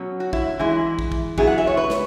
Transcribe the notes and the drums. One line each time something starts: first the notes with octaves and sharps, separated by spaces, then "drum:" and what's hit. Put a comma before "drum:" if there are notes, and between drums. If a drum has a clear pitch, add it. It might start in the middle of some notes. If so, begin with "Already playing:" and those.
Already playing: B2 F#3 C#4
F#4
E4, drum: kick
E3 G#3 E4
drum: kick
drum: kick
F#3 B3 E4 G#4, drum: kick
F#5
E5
C#5
B4
drum: snare